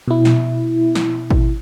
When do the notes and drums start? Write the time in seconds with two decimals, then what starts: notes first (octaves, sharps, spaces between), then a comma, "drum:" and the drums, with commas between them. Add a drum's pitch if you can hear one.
0.08 B2 E4
0.25 drum: snare
0.95 drum: snare
1.30 drum: kick G#1